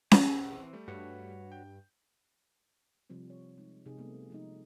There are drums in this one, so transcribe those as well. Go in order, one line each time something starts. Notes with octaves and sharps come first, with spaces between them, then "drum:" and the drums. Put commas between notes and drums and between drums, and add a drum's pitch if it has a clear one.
G4 B4 G#5, drum: snare C#4
E3 C4
G3 A3
G2 F#4 B4 C#5
G5 G6
C3 F3 G3 C4
C#5
G#3 D#4
C3 D#4 G#4
G3 A3 B3
F3 G#3 D#4